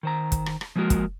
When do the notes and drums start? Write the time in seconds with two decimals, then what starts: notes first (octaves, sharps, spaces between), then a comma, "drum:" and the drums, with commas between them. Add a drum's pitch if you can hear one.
0.03 D#3 C5 A#5
0.32 drum: kick, hi-hat
0.46 drum: rim click
0.61 drum: rim click
0.76 F3 G#3 A#3 B3 F#4 A#4
0.90 drum: kick, hi-hat